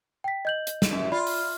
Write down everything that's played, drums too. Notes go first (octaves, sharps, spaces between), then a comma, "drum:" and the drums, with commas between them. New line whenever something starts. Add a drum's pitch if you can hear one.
G5 B6
D#5 G6 F#7
drum: hi-hat
drum: snare
F#2
F4 D5 B5
drum: open hi-hat